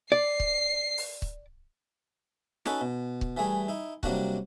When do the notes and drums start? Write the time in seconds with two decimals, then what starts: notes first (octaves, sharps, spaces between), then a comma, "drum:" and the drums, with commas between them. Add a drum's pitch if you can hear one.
0.12 D5 C7
0.40 drum: kick C#1
0.98 drum: open hi-hat
1.22 drum: kick C#1
2.66 C#4 D#4 F#4 A4 B4, drum: snare
2.81 B2
3.21 drum: kick C#1
3.37 E3 G3 A3 G#4
3.68 D#4 E4
4.03 C3 F#3 G3 A#3 D4 F#4, drum: kick C#1